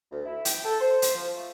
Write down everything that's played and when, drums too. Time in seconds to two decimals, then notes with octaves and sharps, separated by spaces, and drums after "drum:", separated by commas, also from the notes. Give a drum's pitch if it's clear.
0.11 D2
0.26 E4
0.45 G5, drum: hi-hat
0.64 A4
0.81 C5
1.02 drum: hi-hat
1.14 F3
1.37 A3